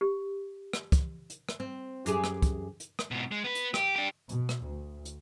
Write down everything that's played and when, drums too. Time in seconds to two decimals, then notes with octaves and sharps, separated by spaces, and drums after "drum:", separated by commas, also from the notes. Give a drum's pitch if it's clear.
0.01 G4
0.73 drum: rim click
0.92 drum: kick, hi-hat
1.30 drum: hi-hat
1.49 drum: rim click
1.60 C4
2.06 F#2 G4 G#4, drum: hi-hat
2.24 drum: rim click
2.42 drum: kick, hi-hat
2.80 drum: hi-hat
2.99 drum: rim click
3.11 G#2 B2
3.31 G#3
3.44 B3 B4
3.55 drum: hi-hat
3.74 G4, drum: rim click
3.96 D4 G4
4.29 B2, drum: hi-hat
4.49 drum: rim click
4.65 D2
5.05 drum: hi-hat